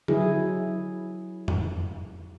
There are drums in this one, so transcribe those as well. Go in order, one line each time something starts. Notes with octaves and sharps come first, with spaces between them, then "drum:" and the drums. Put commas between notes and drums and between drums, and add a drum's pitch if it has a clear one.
F#3 E4 G#4, drum: tom D3
drum: tom F2